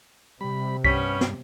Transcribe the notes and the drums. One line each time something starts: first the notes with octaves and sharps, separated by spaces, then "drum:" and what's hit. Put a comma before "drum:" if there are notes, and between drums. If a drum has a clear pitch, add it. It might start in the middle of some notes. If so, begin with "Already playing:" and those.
C3 G3 B5
G2 G3 B3 C#4 B6, drum: kick C2
drum: snare